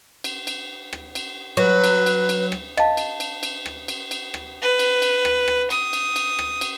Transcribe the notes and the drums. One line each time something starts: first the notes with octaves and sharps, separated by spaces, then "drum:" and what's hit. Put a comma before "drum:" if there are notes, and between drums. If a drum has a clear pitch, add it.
drum: cymbal
drum: cymbal
drum: rim click
drum: cymbal
F#3 B4
drum: cymbal
drum: cymbal
drum: cymbal
drum: rim click
D#5 F5 A5, drum: rim click
drum: cymbal
drum: cymbal
drum: cymbal
drum: rim click
drum: cymbal
drum: cymbal
drum: rim click
B4
drum: cymbal
drum: cymbal
drum: rim click
drum: rim click
D#6, drum: cymbal
drum: cymbal
drum: cymbal
drum: rim click
drum: cymbal